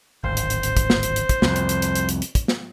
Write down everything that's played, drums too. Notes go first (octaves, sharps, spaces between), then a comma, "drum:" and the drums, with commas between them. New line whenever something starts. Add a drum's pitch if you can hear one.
D1 G#1 C5
drum: hi-hat
drum: hi-hat
drum: hi-hat
drum: kick, hi-hat
drum: snare
drum: hi-hat
drum: hi-hat
drum: kick, hi-hat
C2 F2, drum: snare
drum: hi-hat
drum: hi-hat
drum: hi-hat
drum: hi-hat
drum: hi-hat
drum: hi-hat
drum: kick, hi-hat
drum: snare